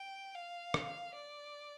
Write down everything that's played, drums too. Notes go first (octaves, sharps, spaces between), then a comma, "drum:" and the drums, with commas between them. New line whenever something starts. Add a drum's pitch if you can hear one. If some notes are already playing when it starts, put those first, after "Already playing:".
Already playing: G5
F5
drum: rim click
D5